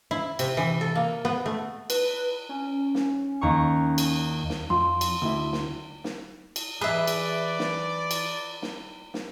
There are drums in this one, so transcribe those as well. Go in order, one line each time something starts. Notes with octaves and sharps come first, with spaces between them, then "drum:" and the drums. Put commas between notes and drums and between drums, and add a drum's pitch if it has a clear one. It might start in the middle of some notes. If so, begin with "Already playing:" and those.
E4
C3, drum: cymbal
E3
A4
A#3
B3
A3
B4, drum: cymbal
C#4
drum: snare
D#2 A#5 C#6
drum: cymbal
drum: snare
F2 C6
drum: cymbal
D2 E4
drum: snare
drum: snare
drum: cymbal
E3 G#4 B4 D5 E5 D#6
drum: cymbal
drum: snare
drum: cymbal
drum: snare
drum: snare